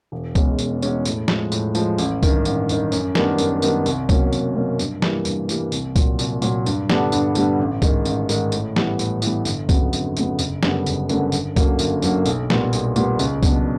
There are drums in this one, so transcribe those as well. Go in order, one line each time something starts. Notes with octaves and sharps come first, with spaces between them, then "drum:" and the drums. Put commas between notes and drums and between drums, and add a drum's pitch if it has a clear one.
E1
E2 B2 G#3 C#4, drum: kick C2, tambourine
E1, drum: tambourine
E2 B2 G#3 C#4, drum: tambourine
A2, drum: tambourine
F3 G#3, drum: snare
A2, drum: tambourine
F3 G#3, drum: tambourine
A1, drum: tambourine
G2 D#3, drum: kick C2, tambourine
A1, drum: tambourine
G2 D#3, drum: tambourine
F#2, drum: tambourine
D#3 G3 B3 D4, drum: snare
F#2, drum: tambourine
D#3 G3 B3 D4, drum: tambourine
C2, drum: tambourine
B2 F#3 A#3 C#4, drum: kick C2, tambourine
C2, drum: tambourine
B2 F#3 A#3 C#4
G2, drum: tambourine
E3 G3 A#3, drum: snare
G2, drum: tambourine
E3 G3 A#3, drum: tambourine
C2, drum: tambourine
A#2 F#3, drum: kick C2, tambourine
C2, drum: tambourine
A#2 F#3, drum: tambourine
G2, drum: tambourine
D3 G3 B3 D4, drum: snare
G2, drum: tambourine
D3 G3 B3 D4, drum: tambourine
A1
G#2 D#3, drum: kick C2, tambourine
A1, drum: tambourine
G#2 D#3, drum: tambourine
A2, drum: tambourine
E3 G3 B3, drum: snare
A2, drum: tambourine
E3 G3 B3, drum: tambourine
G1, drum: tambourine
F2 C#3 F#3 B3, drum: kick C2, tambourine
G1, drum: tambourine
F2 C#3 F#3 B3, drum: tambourine
F#1, drum: tambourine
F#2 D3 G3 B3, drum: snare
F#1, drum: tambourine
F#2 D3 G3 B3, drum: tambourine
G1, drum: tambourine
F#2 D3 F#3 A#3, drum: kick C2, tambourine
G1, drum: tambourine
F#2 D3 F#3 A#3, drum: tambourine
B1, drum: tambourine
A#2 G3 B3, drum: snare
B1, drum: tambourine
A#2 G3 B3, drum: tambourine
C#2, drum: tambourine
B2 F#3 B3 D4, drum: kick C2, tambourine